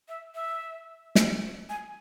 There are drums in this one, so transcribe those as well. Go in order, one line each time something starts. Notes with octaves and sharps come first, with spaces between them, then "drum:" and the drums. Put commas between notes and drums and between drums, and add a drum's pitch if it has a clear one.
E5
E5
drum: snare
G#5